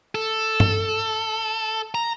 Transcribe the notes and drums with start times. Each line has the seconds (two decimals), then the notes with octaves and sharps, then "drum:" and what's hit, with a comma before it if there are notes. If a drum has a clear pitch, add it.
0.15 A4
0.60 drum: tom G2
1.95 A#5